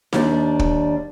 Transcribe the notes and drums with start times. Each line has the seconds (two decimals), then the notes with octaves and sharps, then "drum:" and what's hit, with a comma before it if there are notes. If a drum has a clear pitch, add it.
0.13 D#2 G3 D4, drum: snare D#4
0.59 drum: kick